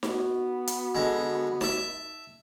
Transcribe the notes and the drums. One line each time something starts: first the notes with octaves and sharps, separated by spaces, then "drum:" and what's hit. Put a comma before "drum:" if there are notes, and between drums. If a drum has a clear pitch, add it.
B3 F#4, drum: snare D#4
drum: hi-hat
D3 G#3
E5 A5, drum: snare D#4